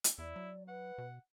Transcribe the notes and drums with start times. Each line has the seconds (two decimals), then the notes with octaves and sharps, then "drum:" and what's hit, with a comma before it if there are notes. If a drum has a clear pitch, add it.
0.04 drum: hi-hat
0.18 E2 E4 D5
0.36 F#3
0.68 B4 F#5
0.98 B2